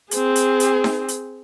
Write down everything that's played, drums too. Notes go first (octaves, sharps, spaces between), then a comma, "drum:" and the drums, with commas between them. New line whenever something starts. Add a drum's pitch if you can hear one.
C4 G#4, drum: hi-hat
drum: hi-hat
drum: hi-hat
drum: snare D#4
drum: hi-hat